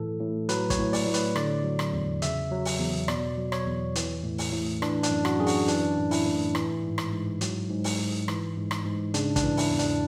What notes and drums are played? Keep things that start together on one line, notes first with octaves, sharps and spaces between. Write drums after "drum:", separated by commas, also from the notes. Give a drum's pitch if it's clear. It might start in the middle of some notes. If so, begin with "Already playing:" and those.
Already playing: A2 E3 A4
A2
F#3 B4, drum: hi-hat
C#5, drum: kick, hi-hat
A2
D5, drum: open hi-hat
A2
B4, drum: hi-hat
D3 D5, drum: rim click
F#3
drum: rim click
E2
C#3 E5, drum: hi-hat
F#3
drum: open hi-hat
E2
B2 D5, drum: rim click
F#3
C#5, drum: rim click
E2
E3, drum: hi-hat
A2
drum: open hi-hat
A2
E3 D4, drum: rim click
D4, drum: hi-hat
F#2
F#4, drum: rim click
F#2 G#4
F#4, drum: open hi-hat
E3 D4, drum: hi-hat
A2
E4, drum: open hi-hat
A2
E3, drum: rim click
G#2
drum: rim click
G#2
F#3, drum: hi-hat
G#2
drum: open hi-hat
G#2
E3, drum: rim click
G#2
drum: rim click
G#2
C#3 D4, drum: hi-hat
D4, drum: kick, hi-hat
E3
E4, drum: open hi-hat
E2
D4, drum: hi-hat